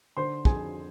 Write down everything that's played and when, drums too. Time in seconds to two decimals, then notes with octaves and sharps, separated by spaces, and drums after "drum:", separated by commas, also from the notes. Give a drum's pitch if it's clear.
0.17 D3 C5 C6
0.45 F2 G#4 G#5, drum: kick